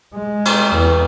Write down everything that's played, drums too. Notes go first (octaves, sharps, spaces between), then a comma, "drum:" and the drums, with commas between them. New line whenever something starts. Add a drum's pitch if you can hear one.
G#3
drum: cymbal
E2